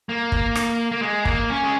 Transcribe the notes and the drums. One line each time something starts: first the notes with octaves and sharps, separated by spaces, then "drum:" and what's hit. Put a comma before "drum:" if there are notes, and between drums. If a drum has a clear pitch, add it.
A#3
drum: kick
drum: rim click
A#3
G#3
A#3, drum: kick
C#4
G#3